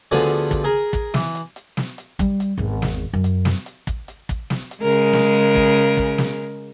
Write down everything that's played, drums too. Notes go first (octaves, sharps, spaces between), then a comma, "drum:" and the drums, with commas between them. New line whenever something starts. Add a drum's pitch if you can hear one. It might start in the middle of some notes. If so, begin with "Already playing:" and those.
D2 D3 F3 B3 G#4
drum: hi-hat
drum: kick, hi-hat
G#4 A#4
drum: kick, hi-hat
E3, drum: snare
drum: hi-hat
drum: hi-hat
drum: snare
drum: hi-hat
G3, drum: kick, hi-hat
drum: hi-hat
G#1 E2
drum: snare
F#2
drum: hi-hat
drum: snare
drum: hi-hat
drum: kick, hi-hat
drum: hi-hat
drum: kick, hi-hat
drum: snare
drum: hi-hat
C#3 G#3 A#4
drum: hi-hat
drum: snare
drum: hi-hat
drum: kick, hi-hat
drum: hi-hat
drum: kick, hi-hat
drum: snare